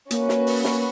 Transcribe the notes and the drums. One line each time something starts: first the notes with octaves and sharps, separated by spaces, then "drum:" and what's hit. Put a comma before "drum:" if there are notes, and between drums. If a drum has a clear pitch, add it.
A#3 C#4 F#4 B4, drum: hi-hat
drum: snare
drum: open hi-hat
drum: snare